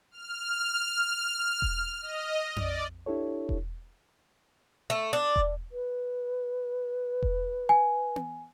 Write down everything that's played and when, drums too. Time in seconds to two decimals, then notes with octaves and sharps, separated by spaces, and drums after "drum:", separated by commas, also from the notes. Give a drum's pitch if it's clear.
0.11 F6
1.62 drum: kick E1
2.02 D#5
2.56 D5, drum: tom F2
3.06 D4 E4 G4 A4 C#5
3.49 drum: kick E1
4.90 A3
5.13 D4
5.36 drum: kick E1
5.72 B4
7.23 drum: kick E1
7.69 G#5
8.16 drum: tom B3